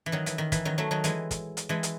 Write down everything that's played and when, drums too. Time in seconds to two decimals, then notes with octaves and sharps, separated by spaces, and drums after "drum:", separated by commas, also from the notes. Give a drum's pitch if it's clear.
0.06 E3
0.12 D#3 F#3
0.26 E3, drum: hi-hat
0.38 D#3
0.52 E3, drum: kick, hi-hat
0.65 D#3 F#3
0.78 F#3 A3
0.91 D#3 F#3
1.04 E3 G#3, drum: hi-hat
1.31 drum: kick, hi-hat
1.57 drum: hi-hat
1.69 E3 G#3
1.83 drum: hi-hat